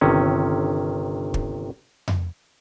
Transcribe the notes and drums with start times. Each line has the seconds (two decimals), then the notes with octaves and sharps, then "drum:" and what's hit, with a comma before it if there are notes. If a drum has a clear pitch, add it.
0.01 G1 C3 D#3 C#4
1.34 drum: kick
2.08 drum: tom F2